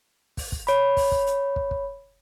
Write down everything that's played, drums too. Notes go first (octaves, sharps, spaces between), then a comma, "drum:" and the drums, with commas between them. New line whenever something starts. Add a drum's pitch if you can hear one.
drum: kick, open hi-hat
drum: kick
C#5 B5, drum: hi-hat
drum: kick, open hi-hat
drum: kick
drum: hi-hat
drum: kick
drum: kick